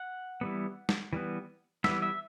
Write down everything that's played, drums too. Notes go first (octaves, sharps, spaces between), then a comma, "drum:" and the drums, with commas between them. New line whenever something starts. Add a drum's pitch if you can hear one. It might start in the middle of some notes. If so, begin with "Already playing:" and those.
Already playing: F#5
E3 G3 B3
drum: snare
E3 G3 B3
E3 G3 B3 E5, drum: snare
E5